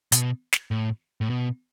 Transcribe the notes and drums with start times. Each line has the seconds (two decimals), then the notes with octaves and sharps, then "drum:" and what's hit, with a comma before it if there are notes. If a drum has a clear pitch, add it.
0.12 B2, drum: hi-hat
0.53 drum: snare
0.71 A2
1.21 A2
1.30 B2